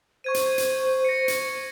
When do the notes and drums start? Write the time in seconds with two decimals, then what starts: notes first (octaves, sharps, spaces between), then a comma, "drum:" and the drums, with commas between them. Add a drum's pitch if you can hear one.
0.24 C5 C#6 G#6 D#7
0.34 drum: hi-hat
0.58 drum: hi-hat
1.05 A#6 C#7
1.28 drum: hi-hat